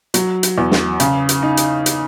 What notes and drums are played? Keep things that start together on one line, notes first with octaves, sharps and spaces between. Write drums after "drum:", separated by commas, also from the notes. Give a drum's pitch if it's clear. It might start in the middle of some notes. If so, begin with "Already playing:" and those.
F#3, drum: hi-hat
drum: hi-hat
E2
drum: snare
C#3, drum: hi-hat
drum: hi-hat
D#4
drum: hi-hat
drum: hi-hat